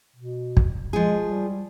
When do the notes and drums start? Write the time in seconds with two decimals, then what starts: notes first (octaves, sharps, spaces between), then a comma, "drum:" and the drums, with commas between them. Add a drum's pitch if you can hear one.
0.16 B2
0.57 drum: kick
0.93 F3 G#3 G#4
1.23 G3